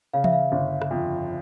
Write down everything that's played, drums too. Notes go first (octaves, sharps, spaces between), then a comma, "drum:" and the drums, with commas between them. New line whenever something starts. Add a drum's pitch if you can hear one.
C#3 F5
E5, drum: tom E3
F5
G1
drum: rim click
F2